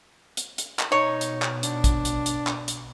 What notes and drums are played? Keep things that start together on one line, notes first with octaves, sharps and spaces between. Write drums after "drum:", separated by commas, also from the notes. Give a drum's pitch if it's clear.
drum: hi-hat
drum: hi-hat
drum: clap
B2 D#4 C#5
drum: hi-hat
drum: clap
D4, drum: hi-hat
drum: kick, hi-hat
drum: hi-hat
drum: hi-hat
drum: clap
drum: hi-hat